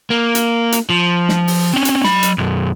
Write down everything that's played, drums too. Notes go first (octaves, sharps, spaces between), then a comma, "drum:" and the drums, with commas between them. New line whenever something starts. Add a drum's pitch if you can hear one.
A#3
drum: hi-hat
drum: hi-hat
F3
drum: snare
drum: open hi-hat
C4 C#4
drum: hi-hat
F#3 B5, drum: snare
drum: hi-hat
B1 F#2